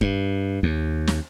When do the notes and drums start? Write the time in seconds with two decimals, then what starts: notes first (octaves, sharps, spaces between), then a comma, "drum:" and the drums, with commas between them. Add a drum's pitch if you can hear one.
0.01 G2, drum: kick D#1
0.63 D#2
1.07 drum: snare